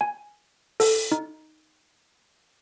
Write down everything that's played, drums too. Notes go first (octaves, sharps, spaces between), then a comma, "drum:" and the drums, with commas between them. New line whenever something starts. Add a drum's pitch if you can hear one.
G#5
A4, drum: open hi-hat
D#4